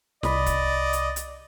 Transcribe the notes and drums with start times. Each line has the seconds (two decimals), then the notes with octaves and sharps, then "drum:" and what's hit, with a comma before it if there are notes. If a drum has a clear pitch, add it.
0.23 C2 D5 D#5 B5, drum: snare
0.46 drum: kick, hi-hat
0.93 drum: hi-hat
1.16 drum: hi-hat